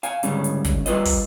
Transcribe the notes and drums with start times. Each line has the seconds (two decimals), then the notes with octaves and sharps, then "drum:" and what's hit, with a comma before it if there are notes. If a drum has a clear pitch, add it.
0.03 F5 G#5, drum: hi-hat
0.23 D2 G#2 C#3 G3 C#4, drum: hi-hat
0.44 drum: hi-hat
0.64 drum: kick, hi-hat
0.86 G3 F4 B4 C5 D#5, drum: hi-hat
1.05 drum: kick, open hi-hat